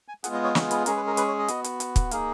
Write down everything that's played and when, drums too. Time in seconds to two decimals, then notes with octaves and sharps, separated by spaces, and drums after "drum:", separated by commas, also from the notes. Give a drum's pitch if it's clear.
0.08 G#5
0.24 G#3 B3 F4 G#4 F#5, drum: hi-hat
0.34 D#5
0.44 C#5
0.55 C#5, drum: snare
0.71 B4, drum: hi-hat
0.86 G#3 C#4 G#4 A#4, drum: hi-hat
0.97 B4
1.07 A#4
1.17 B4, drum: hi-hat
1.28 C#5
1.39 D#5
1.48 B3 F#4, drum: hi-hat
1.64 drum: hi-hat
1.80 drum: hi-hat
1.96 drum: kick, hi-hat
2.11 A#3 D#4 G#4 F5, drum: hi-hat